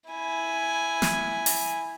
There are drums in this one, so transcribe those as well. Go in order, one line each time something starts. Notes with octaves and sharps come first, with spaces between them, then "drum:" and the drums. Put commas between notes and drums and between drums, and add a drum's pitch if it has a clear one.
E4 G#5
drum: snare
drum: open hi-hat